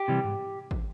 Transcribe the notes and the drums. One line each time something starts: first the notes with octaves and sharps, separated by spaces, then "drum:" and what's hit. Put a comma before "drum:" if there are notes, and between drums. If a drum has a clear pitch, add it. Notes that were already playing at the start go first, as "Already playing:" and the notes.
Already playing: G4
C3 E3 G3
G#2
drum: kick